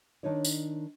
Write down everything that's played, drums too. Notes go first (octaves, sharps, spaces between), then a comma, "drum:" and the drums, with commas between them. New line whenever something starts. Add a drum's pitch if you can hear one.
D#3 D4 D#4 C#5 D5
drum: tambourine